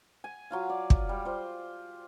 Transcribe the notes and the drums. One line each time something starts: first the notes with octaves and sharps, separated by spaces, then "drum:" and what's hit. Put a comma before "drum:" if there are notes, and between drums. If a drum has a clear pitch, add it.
G#5
F#3 F4 F5
D5
drum: kick
G3
F4 C5